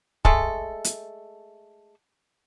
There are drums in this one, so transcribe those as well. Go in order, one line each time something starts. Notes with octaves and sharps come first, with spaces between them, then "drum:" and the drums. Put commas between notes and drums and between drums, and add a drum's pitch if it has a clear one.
G#3 A3 A4, drum: kick
drum: hi-hat